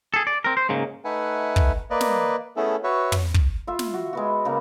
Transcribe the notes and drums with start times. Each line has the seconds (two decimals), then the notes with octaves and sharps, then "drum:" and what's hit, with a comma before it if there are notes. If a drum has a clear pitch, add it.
0.14 G#4 A4
0.27 D5
0.44 C4 A#4
0.57 C5
0.69 G#2 C#3 A#3
1.05 A3 D#4 B4 E5 F#5 G#5
1.56 drum: kick
1.90 A#3 B4 D5 D#5
2.01 drum: snare
2.57 A3 B3 C#4 E4 G#4 A4
2.84 F#4 B4 C#5 E5
3.12 drum: tom
3.34 drum: kick
3.67 F4 E5
3.79 drum: snare
3.94 F#4
4.13 G#3 B3 F#4
4.45 C#3 A#3 B3